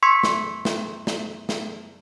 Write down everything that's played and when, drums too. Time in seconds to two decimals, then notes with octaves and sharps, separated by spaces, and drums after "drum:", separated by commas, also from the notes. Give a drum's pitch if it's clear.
0.03 C6 C#6 E6 G#6 B6 C#7
0.23 drum: snare
0.65 drum: snare
1.07 drum: snare
1.49 drum: snare